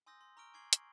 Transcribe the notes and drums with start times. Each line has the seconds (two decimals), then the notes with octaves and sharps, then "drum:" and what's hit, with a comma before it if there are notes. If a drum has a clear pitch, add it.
0.06 G#5 C6 D#6 E6 G6 A#6
0.21 C6
0.37 A#5 C#6 E6 F6 D7 G7
0.54 G#5 C#6 D6 G#6 C7 F#7
0.73 C#6, drum: hi-hat